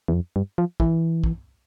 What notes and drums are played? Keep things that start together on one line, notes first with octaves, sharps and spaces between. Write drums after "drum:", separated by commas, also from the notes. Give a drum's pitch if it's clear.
E2
F2
G2
F3
E3, drum: kick
drum: kick